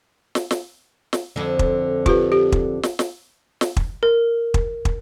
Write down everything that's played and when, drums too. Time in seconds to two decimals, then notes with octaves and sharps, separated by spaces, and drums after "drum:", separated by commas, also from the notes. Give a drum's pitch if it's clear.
0.35 drum: snare
0.51 drum: snare
1.13 drum: snare
1.36 F2 D3
1.59 drum: kick
2.06 F4 G4 B4, drum: kick
2.32 G4
2.52 drum: kick
2.83 drum: snare
2.99 drum: snare
3.61 drum: snare
3.77 drum: kick
4.03 A#4
4.54 drum: kick
4.85 drum: kick